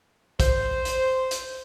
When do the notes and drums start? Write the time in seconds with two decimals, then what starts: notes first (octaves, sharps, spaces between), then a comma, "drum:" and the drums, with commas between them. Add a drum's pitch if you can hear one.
0.40 C5, drum: kick, hi-hat
0.85 drum: hi-hat
1.31 drum: hi-hat